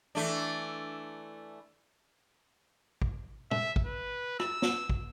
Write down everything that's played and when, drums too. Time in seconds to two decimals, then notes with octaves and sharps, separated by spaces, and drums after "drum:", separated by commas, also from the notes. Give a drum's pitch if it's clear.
0.15 E3 A3 D4
3.02 drum: kick
3.51 E5, drum: tom
3.76 drum: kick
3.86 B4
4.40 E6, drum: rim click
4.62 drum: snare
4.89 drum: kick